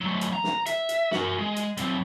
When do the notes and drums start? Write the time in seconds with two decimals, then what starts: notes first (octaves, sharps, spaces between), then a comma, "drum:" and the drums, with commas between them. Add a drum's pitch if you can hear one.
0.01 F#3 A3
0.21 drum: hi-hat
0.33 A#5
0.44 drum: snare
0.66 E5, drum: hi-hat
0.89 drum: hi-hat
1.11 F#4 A#4, drum: snare
1.39 G#3
1.56 drum: hi-hat
1.77 F#3 C4, drum: hi-hat